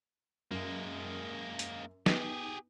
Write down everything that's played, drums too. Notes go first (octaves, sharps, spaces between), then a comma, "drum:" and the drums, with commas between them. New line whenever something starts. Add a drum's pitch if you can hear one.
F#2 G#3 A#3
drum: hi-hat
B3 D#4 G4 G#4, drum: snare